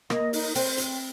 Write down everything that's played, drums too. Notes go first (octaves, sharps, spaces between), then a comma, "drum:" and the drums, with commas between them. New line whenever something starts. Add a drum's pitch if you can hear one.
A#3 D#5, drum: rim click
D#4, drum: open hi-hat
C4 C5, drum: open hi-hat
drum: hi-hat